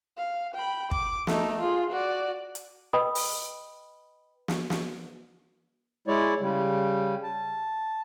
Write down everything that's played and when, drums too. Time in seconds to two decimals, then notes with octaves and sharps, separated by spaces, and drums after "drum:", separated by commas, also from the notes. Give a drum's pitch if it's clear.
0.18 F5
0.54 G5 B5
0.91 D6, drum: kick
1.27 A3 D#4, drum: snare
1.59 F4 G#4
1.90 F#4 D5
2.55 drum: hi-hat
2.93 B4 D#5 G5 B5 D#6
3.15 drum: open hi-hat
4.48 drum: snare
4.70 drum: snare
6.07 G#3 E4 C#5 D5
6.40 C#3 G3
7.23 A5